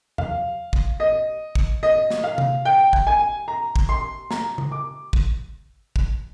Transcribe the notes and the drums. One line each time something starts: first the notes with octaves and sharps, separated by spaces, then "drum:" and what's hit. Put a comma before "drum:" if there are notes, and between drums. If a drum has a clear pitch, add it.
F5, drum: tom E2
drum: kick
D#5
drum: kick
D#5
drum: snare
F5
drum: tom C3
G5
drum: kick
G#5
A#5
drum: kick
C6
A#5, drum: snare
drum: tom C#3
D6
drum: kick
drum: kick